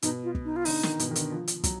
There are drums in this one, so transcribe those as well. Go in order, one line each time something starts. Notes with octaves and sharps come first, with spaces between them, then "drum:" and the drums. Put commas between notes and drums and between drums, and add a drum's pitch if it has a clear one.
B2 D#4, drum: hi-hat
F4
drum: kick
D#4
F4
D3 D#4, drum: open hi-hat
D#3, drum: snare
B2, drum: hi-hat
D#3
D3, drum: hi-hat
F3
drum: hi-hat
F#3, drum: kick, hi-hat